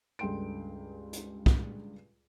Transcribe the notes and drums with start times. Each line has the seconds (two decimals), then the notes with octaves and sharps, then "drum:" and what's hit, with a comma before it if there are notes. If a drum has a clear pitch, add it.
0.19 C#2 G2 A4 G5 C6 D7
1.13 drum: hi-hat
1.46 drum: kick